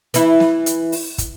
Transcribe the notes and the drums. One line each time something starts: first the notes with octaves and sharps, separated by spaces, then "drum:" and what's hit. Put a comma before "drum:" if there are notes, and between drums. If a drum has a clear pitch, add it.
E3 E4, drum: hi-hat
drum: snare
drum: hi-hat
drum: open hi-hat
drum: kick, hi-hat